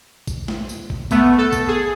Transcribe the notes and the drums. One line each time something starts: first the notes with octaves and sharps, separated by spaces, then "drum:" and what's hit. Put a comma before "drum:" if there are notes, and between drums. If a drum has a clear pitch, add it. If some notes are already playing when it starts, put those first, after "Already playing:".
drum: kick, tambourine
drum: snare
drum: tambourine
drum: kick
A3 B3, drum: kick, tambourine
A4
drum: kick, tambourine
G#4